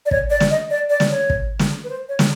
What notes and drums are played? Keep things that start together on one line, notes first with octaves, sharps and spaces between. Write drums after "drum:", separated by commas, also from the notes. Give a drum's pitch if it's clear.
D5
C#5, drum: kick
D5
drum: snare
D#5
D5
D5
drum: snare
C#5
drum: kick
drum: snare
B4
C5
C#5
drum: snare